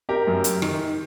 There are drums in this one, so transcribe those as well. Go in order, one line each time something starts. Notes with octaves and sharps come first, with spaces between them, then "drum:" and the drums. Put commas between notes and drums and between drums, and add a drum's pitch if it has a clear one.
G4 A#4
F#2
drum: hi-hat
D#3, drum: rim click